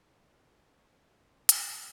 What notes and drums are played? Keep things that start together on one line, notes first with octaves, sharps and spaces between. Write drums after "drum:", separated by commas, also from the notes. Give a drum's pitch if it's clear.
C#5
C5
drum: hi-hat